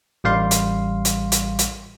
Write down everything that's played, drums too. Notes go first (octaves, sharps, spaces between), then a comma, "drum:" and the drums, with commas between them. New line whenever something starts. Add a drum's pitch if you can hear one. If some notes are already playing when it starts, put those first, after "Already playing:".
A1 G3 F5 C6
drum: hi-hat
drum: hi-hat
drum: hi-hat
drum: hi-hat